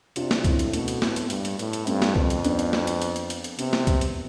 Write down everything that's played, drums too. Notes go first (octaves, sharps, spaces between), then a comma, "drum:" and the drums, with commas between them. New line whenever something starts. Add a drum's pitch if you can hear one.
C3 D4 F4, drum: hi-hat
drum: snare
A2 C4 E4, drum: kick C2, hi-hat
drum: hi-hat
B2 A3, drum: hi-hat
drum: hi-hat
A2 B3, drum: snare
drum: hi-hat
G2, drum: hi-hat
drum: hi-hat
A2, drum: hi-hat
drum: hi-hat
G2 A3 C4, drum: hi-hat
drum: snare
F2, drum: kick C2
drum: hi-hat
B3 D4, drum: hi-hat
drum: hi-hat
drum: snare
drum: hi-hat
drum: hi-hat
drum: hi-hat
drum: hi-hat
drum: hi-hat
C3 B3, drum: hi-hat
drum: snare
drum: kick C2, hi-hat
drum: hi-hat